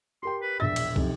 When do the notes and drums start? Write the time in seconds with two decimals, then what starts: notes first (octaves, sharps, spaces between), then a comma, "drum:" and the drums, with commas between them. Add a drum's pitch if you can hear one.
0.23 G4 A#4 G5 C6
0.41 B4
0.60 E1 A#1 E5 A6
0.76 drum: cymbal
0.96 B1 F2 C3, drum: kick